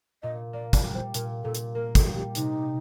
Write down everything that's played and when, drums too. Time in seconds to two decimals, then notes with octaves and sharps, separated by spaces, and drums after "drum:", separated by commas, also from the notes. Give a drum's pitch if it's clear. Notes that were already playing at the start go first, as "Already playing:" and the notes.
0.23 A#2 D#5
0.53 A#3 D5
0.73 D5, drum: kick, hi-hat
0.83 G3
0.94 C5
1.14 A#2 A#4, drum: hi-hat
1.44 A#2 A4
1.55 drum: hi-hat
1.75 A#3 A#4
1.95 A4, drum: kick, hi-hat
2.06 G3
2.16 G4
2.35 C3 D#4, drum: hi-hat